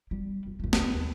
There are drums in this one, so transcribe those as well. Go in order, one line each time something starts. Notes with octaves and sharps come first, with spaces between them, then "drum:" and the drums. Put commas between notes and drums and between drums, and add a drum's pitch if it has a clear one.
G3
F2
F2 A3
C#2, drum: snare
D#2